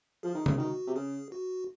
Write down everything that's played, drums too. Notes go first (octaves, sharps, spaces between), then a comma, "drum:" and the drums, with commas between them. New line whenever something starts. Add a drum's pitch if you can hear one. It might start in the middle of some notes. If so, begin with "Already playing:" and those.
F3 G#4
D#3
C#3, drum: tom
D#3 F#4
C3
C#3 G#4
F#4